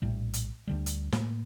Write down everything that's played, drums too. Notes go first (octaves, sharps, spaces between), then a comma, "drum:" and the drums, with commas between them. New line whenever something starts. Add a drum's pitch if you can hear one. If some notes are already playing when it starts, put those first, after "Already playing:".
A#1 A2 G3
drum: hi-hat
D2 D3 G3
drum: hi-hat
A2 A3 A#3, drum: snare